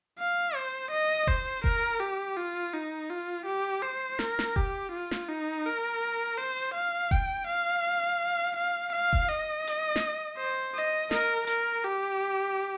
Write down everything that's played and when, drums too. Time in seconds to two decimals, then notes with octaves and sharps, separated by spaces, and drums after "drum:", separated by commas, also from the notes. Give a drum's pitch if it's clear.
0.19 F5
0.55 C5
0.91 D#5
1.27 C5, drum: kick F1
1.64 A#4, drum: kick F1
2.00 G4
2.36 F4
2.73 D#4
3.10 F4
3.46 G4
3.82 C5
4.19 A#4, drum: snare
4.39 drum: snare
4.56 G4, drum: kick F1
4.91 F4
5.11 drum: snare
5.29 D#4
5.65 A#4
6.37 C5
6.74 F5
7.11 G5, drum: kick F1
7.47 F5
8.56 F5
8.92 F5
9.13 drum: kick F1
9.29 D#5
9.67 drum: hi-hat
9.96 drum: snare
10.38 C5
10.75 D#5
11.11 A#4, drum: snare
11.47 A#4, drum: hi-hat
11.84 G4